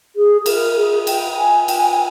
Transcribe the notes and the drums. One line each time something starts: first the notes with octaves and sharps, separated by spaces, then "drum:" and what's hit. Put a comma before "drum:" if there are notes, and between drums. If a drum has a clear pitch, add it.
G#4
A#4, drum: cymbal
G#4
G5, drum: cymbal
G#5
G5, drum: cymbal
G#5
G5
G#5